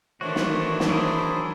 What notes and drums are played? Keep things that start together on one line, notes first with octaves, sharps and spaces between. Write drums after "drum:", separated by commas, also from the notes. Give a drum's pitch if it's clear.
D#3 E3 A3 D4 F#4 C5 C#5
drum: snare
drum: snare
F#3 E4 G#4 C5